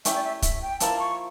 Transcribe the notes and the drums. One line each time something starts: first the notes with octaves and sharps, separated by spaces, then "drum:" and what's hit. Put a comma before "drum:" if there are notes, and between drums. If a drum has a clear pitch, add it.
A3 C#4 E4 G4 E5, drum: hi-hat
D5
E5
E5, drum: kick, hi-hat
G5
F3 A#3 E4 A5, drum: hi-hat
C#6